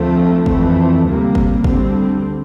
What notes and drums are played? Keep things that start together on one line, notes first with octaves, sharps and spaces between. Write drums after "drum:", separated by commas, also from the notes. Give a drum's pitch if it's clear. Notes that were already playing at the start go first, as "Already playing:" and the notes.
Already playing: D2 D3 F3 A3 C4
F2 E3 A3 C4, drum: kick
D2 C3 G3 A#3
drum: kick
D2 D3 G3 C4, drum: kick